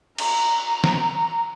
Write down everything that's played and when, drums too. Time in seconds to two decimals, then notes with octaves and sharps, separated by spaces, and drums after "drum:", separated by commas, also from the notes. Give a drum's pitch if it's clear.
0.18 A#5, drum: cymbal
0.84 drum: snare